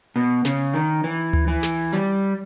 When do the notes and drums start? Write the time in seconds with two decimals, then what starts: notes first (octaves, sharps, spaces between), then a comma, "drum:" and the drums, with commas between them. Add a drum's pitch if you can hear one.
0.16 B2
0.45 C#3, drum: snare
0.74 D#3
1.04 E3
1.33 drum: tom D2
1.48 E3
1.63 drum: snare
1.93 G3, drum: hi-hat